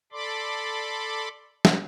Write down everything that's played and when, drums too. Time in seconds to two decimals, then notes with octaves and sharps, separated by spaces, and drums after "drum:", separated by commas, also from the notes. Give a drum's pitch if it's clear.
0.12 A4 D5 B5 C6 D6
1.65 drum: snare